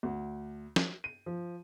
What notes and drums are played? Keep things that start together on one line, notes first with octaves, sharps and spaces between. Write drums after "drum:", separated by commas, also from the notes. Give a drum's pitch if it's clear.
D2
drum: snare
D#7
F3